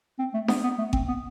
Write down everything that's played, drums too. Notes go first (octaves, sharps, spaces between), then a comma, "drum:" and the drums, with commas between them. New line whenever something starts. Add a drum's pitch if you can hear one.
C4
A3
B3, drum: snare D4
B3
A3
C4, drum: kick G#1
B3